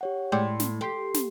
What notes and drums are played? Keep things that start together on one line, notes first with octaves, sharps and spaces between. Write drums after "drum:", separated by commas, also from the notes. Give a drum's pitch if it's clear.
G4 C#5 F#5
A2 G#3 D5 G5 C6
drum: snare
G4 A4 C6 C7
drum: snare